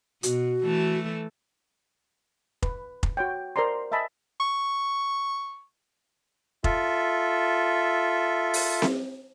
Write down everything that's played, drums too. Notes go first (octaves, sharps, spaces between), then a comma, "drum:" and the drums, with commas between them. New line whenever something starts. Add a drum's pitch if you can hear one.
B2 F#4, drum: hi-hat
E3 A3 A4
B4, drum: kick F1
drum: kick F1
F#4 C#5 G5
A#4 C5 D5 A#5 C6
D#5 E5 G#5 A5 B5
C#6
F4 A4 E5, drum: kick F1
drum: open hi-hat
drum: snare C4